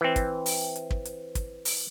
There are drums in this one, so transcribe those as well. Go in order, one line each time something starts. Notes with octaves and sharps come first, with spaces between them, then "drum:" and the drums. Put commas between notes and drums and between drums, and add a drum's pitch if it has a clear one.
E3 C4
drum: kick, hi-hat
drum: open hi-hat
drum: hi-hat
drum: kick
drum: hi-hat
drum: kick, hi-hat
drum: open hi-hat